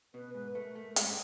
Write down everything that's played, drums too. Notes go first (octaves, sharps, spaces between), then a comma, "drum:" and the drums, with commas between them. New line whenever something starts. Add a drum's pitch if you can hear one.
B2 B4
G#2 B4
A3 B4
A#4
A3
A4
G#2, drum: hi-hat
C5